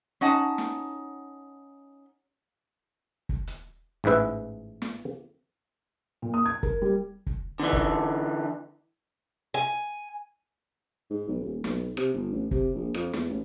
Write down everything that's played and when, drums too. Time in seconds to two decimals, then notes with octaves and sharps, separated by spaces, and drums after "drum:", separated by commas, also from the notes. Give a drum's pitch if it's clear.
0.21 C#4 D#4 F#5 A5
0.58 drum: snare
3.29 drum: kick
3.47 drum: hi-hat
4.04 A1 G#2 E3 B4 E5
4.82 drum: snare
6.22 A#2
6.34 D#6
6.46 G#6
6.63 A#4, drum: kick
6.82 G3
7.27 drum: kick
7.60 D3 E3
7.73 drum: kick
9.54 G#5
11.10 G#2
11.28 B1
11.40 D#1
11.64 B1, drum: snare
11.97 C3, drum: rim click
12.14 G1
12.32 A1
12.51 C3, drum: kick
12.75 A#1
12.94 F2, drum: rim click
13.13 E2, drum: snare
13.29 A1